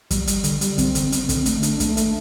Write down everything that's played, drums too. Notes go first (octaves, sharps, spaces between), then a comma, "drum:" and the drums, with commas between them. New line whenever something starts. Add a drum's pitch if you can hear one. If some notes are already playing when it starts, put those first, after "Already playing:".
G3, drum: kick, hi-hat
G3, drum: hi-hat
D3, drum: hi-hat
G3, drum: hi-hat
C4, drum: kick, hi-hat
D3, drum: hi-hat
C4, drum: hi-hat
D3, drum: kick, hi-hat
A3, drum: hi-hat
D4, drum: hi-hat
A3, drum: kick, hi-hat
A3, drum: hi-hat